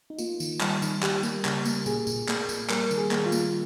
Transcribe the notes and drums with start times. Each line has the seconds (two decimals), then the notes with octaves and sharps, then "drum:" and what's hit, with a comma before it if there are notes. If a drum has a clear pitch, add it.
0.10 D#4
0.18 A#3 F4, drum: tambourine
0.40 D#3, drum: tambourine
0.61 G3, drum: clap
0.82 D#3, drum: tambourine
1.03 G3 G4, drum: clap
1.23 A#3, drum: tambourine
1.45 C#3, drum: clap
1.65 A#3, drum: tambourine
1.86 A#2 G#4, drum: tambourine
2.07 A#2, drum: tambourine
2.29 A#3, drum: clap
2.49 A#2, drum: tambourine
2.70 G3 A#4, drum: clap
2.91 D#3, drum: tambourine
2.97 G#4
3.11 A#3, drum: clap
3.26 F4
3.32 A#3, drum: tambourine